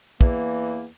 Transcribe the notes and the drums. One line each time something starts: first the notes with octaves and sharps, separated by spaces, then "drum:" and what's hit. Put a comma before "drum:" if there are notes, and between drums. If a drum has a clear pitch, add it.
E2 E3 A#3, drum: kick